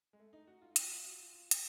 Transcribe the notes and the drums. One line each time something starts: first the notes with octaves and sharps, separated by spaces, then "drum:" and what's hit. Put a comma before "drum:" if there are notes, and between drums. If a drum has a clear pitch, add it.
G#3
A3
D#4
F#4
F4
F4, drum: hi-hat
F#4
F4
F#4
F4
F4
drum: hi-hat